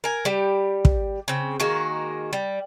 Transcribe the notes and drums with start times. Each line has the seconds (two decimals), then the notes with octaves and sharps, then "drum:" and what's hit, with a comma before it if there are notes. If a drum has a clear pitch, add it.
0.04 A#4 G#5
0.25 G3 G4
0.85 drum: kick
1.28 C#3 C4
1.60 D#3 G#3 A#3 F#4
2.33 G3